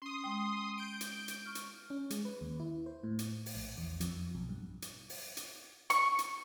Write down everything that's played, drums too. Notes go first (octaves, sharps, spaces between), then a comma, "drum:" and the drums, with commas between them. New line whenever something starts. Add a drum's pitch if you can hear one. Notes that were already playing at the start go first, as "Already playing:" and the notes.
C#4 C6 D#6
G#3 G5
G6 D7
drum: hi-hat
drum: hi-hat
C#6 F6
drum: hi-hat
C#4
G#3, drum: hi-hat
B4
D#2
E4
C5
A2
drum: hi-hat
drum: open hi-hat
A#1
E2
F2, drum: hi-hat
B1
G2
drum: hi-hat
drum: open hi-hat
drum: hi-hat
C#6, drum: hi-hat
drum: hi-hat